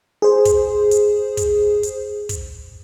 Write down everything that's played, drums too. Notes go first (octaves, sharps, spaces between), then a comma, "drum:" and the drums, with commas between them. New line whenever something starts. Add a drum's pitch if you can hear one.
G#4 C5
drum: kick, hi-hat
drum: hi-hat
drum: kick, hi-hat
drum: hi-hat
drum: kick, hi-hat